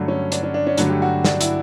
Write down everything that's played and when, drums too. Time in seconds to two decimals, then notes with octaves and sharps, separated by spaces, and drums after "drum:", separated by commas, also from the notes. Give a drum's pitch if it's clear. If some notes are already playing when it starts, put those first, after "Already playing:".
Already playing: G2 D3 F#3 A3
0.08 C#4
0.32 D4, drum: hi-hat
0.43 C#4
0.54 D4
0.67 C#4
0.78 G2 D3 F#3 A3, drum: hi-hat
0.90 G4
1.02 F#4
1.25 D4, drum: snare
1.41 E4, drum: hi-hat